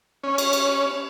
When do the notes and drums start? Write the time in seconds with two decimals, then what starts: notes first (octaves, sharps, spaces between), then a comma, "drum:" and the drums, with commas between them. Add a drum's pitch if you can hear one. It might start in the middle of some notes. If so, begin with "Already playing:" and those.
0.24 C#4
0.38 drum: cymbal
0.53 drum: cymbal